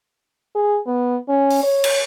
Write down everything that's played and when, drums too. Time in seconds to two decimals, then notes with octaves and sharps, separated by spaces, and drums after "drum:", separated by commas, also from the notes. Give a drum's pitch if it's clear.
0.55 G#4
0.87 B3
1.28 C#4
1.50 drum: open hi-hat
1.63 C#5
1.84 drum: cymbal